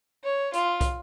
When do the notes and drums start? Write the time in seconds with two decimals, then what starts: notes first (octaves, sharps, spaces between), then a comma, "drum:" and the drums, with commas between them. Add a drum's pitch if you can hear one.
0.24 C#5
0.53 F4, drum: hi-hat
0.81 drum: kick, hi-hat